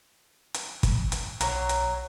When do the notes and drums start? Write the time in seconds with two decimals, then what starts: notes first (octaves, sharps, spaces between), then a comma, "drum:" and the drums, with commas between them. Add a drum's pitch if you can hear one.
0.54 drum: hi-hat
0.83 drum: kick, hi-hat
1.12 drum: hi-hat
1.41 B1 F#3 C#5, drum: hi-hat
1.69 drum: hi-hat